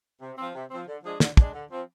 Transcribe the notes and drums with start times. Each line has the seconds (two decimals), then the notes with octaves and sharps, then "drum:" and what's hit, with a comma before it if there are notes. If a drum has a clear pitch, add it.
0.21 C3
0.38 F3 C4
0.55 C3
0.70 F3 C4
0.88 D3
1.04 F3 G#3 D4 G#4
1.20 D3, drum: snare
1.37 F3 G#3 D4 G#4, drum: kick
1.53 D3
1.71 F3 C4